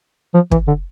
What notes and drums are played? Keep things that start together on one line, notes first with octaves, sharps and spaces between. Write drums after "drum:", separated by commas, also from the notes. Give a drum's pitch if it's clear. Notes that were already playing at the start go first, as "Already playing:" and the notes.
F3
E3, drum: kick
D3